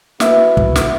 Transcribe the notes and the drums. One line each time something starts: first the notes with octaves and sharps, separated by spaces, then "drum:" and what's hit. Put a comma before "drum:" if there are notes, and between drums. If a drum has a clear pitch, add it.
A#3 E4 F#4 B4 E5, drum: snare
drum: kick
drum: snare